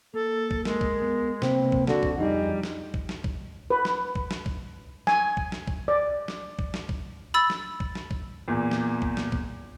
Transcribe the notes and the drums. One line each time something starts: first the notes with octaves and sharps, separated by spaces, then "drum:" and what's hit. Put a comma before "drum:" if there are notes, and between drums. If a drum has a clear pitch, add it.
A#3 A4
drum: kick
G#3 A#4, drum: snare
drum: kick
B3
C3 A#3 C4 B4, drum: snare
drum: kick
D3 F#4, drum: snare
drum: kick
F2 F3 G3 D#4 G#4
drum: snare
drum: kick
drum: snare
drum: kick
B4
drum: snare
drum: kick
drum: snare
drum: kick
G#5, drum: snare
drum: kick
drum: snare
drum: kick
D5
drum: snare
drum: kick
drum: snare
drum: kick
B5 E6 A6
drum: snare
drum: kick
drum: snare
drum: kick
E2 A#2
drum: snare
drum: kick
drum: snare
drum: kick